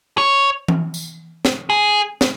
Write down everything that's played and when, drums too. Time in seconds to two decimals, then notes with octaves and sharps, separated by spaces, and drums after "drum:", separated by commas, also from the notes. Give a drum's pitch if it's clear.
0.18 C#5
0.68 drum: tom E3
0.94 drum: tambourine
1.45 drum: snare
1.70 G#4
2.21 drum: snare